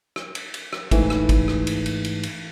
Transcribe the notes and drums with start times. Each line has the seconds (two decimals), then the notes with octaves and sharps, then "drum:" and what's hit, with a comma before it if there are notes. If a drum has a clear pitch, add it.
0.16 drum: rim click
0.35 drum: cymbal
0.54 drum: cymbal
0.73 drum: rim click
0.91 G#2 E3 A3, drum: kick, cymbal
1.10 drum: rim click
1.29 drum: kick, cymbal
1.48 drum: rim click
1.67 drum: cymbal
1.86 drum: cymbal
2.04 drum: cymbal
2.23 drum: cymbal